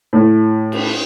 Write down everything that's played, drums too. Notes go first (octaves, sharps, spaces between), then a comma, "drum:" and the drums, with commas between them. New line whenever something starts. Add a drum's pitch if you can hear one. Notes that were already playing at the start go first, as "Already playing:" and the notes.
A2
drum: cymbal